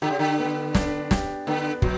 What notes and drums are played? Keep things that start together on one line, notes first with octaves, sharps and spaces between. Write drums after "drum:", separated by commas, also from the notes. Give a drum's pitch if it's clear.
D3 G4
C#3
D3
B3
D4, drum: snare
G4, drum: snare
D3 B3
B2 F#3, drum: kick